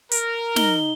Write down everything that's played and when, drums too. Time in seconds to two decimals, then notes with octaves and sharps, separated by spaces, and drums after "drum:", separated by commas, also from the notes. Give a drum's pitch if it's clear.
0.11 A#4, drum: hi-hat
0.56 D#4 G7, drum: snare